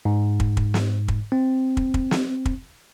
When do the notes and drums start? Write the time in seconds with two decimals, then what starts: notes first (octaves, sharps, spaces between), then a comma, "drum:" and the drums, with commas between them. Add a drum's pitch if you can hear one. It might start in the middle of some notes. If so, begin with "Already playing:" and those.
0.05 G#2
0.40 drum: kick
0.57 drum: kick
0.74 drum: snare
1.08 drum: kick
1.32 C4
1.77 drum: kick
1.94 drum: kick
2.11 drum: snare
2.45 drum: kick